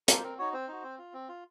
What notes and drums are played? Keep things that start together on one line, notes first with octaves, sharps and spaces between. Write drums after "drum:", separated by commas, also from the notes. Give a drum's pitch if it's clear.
A#3 F4 A4, drum: hi-hat
C5
C4 A#4
D#4 F#4 C#5
C4 C5
D#4 F#4
C4
F4
C4
F4